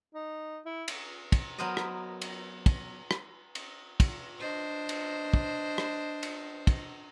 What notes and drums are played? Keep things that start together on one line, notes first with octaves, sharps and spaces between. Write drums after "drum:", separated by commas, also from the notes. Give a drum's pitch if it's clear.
D#4
E4
drum: cymbal
drum: kick, cymbal
F#3 B3 A#4 C5 D#5
drum: rim click
drum: cymbal
drum: kick, cymbal
drum: rim click
drum: cymbal
drum: kick, cymbal
D4 C5 D#5
drum: cymbal
drum: kick
drum: rim click
drum: cymbal
drum: kick, cymbal